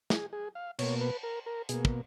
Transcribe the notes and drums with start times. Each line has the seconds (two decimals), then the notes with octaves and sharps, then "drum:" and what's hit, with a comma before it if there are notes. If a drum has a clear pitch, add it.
0.10 G#4, drum: snare
0.33 G#4
0.55 F5
0.79 B2 A#3 C#5, drum: cymbal
1.01 B4
1.23 A#4
1.46 A#4
1.69 B2 A#3 G#4, drum: hi-hat
1.85 drum: kick